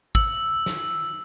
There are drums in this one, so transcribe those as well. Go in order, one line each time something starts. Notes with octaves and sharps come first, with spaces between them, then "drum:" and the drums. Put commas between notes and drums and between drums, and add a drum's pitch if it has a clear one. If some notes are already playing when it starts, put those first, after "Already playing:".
E6, drum: kick
drum: snare